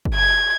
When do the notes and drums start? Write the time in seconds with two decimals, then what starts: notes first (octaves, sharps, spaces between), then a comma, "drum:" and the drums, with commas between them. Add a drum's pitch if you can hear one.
0.05 drum: kick
0.14 G#6